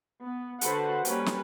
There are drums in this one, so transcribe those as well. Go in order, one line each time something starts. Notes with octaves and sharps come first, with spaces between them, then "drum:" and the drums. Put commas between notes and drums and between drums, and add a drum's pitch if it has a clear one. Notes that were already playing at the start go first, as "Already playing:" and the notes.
B3
D3 F#4 A4 B4 C5 F#5, drum: hi-hat
G3 A#3 C#4 B4, drum: hi-hat
drum: snare